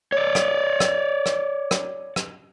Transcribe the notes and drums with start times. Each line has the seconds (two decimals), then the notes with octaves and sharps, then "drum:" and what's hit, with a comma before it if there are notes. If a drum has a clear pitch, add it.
0.12 C#5 D5
0.35 drum: rim click
0.80 drum: rim click
1.26 drum: rim click
1.71 drum: rim click
2.16 drum: rim click